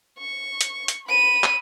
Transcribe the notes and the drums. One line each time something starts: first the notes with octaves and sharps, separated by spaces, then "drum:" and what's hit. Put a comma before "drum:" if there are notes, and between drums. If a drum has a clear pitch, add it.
C#6
drum: hi-hat
drum: hi-hat
B5 D#7
drum: clap